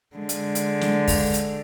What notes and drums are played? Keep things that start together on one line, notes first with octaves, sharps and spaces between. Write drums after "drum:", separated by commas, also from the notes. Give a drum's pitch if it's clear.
D3 G#3
drum: hi-hat
drum: hi-hat
drum: snare
drum: kick, open hi-hat
drum: hi-hat